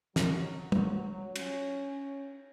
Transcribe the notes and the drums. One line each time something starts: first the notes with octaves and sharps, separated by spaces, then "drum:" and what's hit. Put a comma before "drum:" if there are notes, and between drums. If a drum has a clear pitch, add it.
F#3, drum: snare
drum: tom
C#4, drum: cymbal